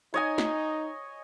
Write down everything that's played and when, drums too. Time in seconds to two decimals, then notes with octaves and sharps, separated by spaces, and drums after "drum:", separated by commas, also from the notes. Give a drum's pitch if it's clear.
0.14 D#4 C#5 D#5 G#5
0.38 drum: snare